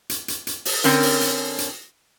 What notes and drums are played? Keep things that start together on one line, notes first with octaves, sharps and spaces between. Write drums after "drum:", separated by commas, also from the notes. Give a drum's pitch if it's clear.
drum: hi-hat
drum: hi-hat
drum: hi-hat
drum: open hi-hat
D3 C4 C#4 A#4, drum: hi-hat
drum: open hi-hat
drum: hi-hat
drum: hi-hat